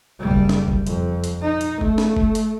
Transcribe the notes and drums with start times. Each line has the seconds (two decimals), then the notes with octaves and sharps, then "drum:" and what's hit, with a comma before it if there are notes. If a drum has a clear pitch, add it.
0.19 F#1 G3
0.31 drum: kick F#1
0.49 drum: snare
0.68 drum: kick F#1
0.87 F2, drum: hi-hat
1.24 drum: hi-hat
1.42 D#4
1.61 drum: hi-hat
1.81 A3, drum: kick F#1
1.98 drum: snare
2.17 drum: kick F#1
2.35 drum: hi-hat